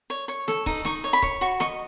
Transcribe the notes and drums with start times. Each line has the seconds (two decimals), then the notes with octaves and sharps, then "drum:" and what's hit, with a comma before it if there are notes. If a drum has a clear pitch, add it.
0.10 C#5
0.28 C#5, drum: hi-hat
0.48 A4, drum: snare
0.66 D#4, drum: kick C#1, open hi-hat
0.85 D#4 C#6, drum: snare
1.04 C#5, drum: hi-hat
1.13 B5
1.22 C#5, drum: kick C#1, hi-hat
1.41 F#4 C#6, drum: hi-hat
1.60 D#5 C#6, drum: snare